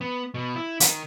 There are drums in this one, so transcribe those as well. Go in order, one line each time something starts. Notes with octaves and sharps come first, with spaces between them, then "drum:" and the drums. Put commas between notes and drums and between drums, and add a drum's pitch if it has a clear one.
B3
B2
E4
D#3, drum: hi-hat